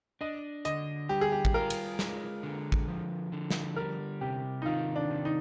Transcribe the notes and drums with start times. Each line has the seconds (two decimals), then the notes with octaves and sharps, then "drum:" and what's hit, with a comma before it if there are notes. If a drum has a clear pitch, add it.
0.21 D4 D#5
0.65 D3 D#5, drum: hi-hat
1.09 G3 G4
1.21 G#4
1.32 G4
1.45 drum: kick
1.54 F4 A#4
1.70 drum: cymbal
1.99 G#3, drum: snare
2.43 D3
2.72 drum: kick
2.88 F3
3.32 D3
3.50 drum: snare
3.76 G3 A#4
4.21 C3 G4
4.62 D#4
4.65 D#3 F4
4.96 D4
5.10 C3
5.25 D#4